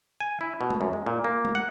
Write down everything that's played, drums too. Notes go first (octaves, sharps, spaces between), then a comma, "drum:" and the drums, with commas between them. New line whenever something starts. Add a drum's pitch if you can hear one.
G#5
E4
B2
drum: tom G#3
F#2
G#3
A#2
A#3
drum: tom G#3
F#5